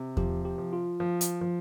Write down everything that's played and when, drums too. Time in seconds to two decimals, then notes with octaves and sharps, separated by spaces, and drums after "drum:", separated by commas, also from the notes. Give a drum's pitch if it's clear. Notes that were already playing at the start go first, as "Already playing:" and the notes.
Already playing: C3
0.17 F3 G4, drum: kick E2
0.45 G4
0.58 F3
0.73 F4
1.00 F3
1.21 drum: hi-hat
1.41 F3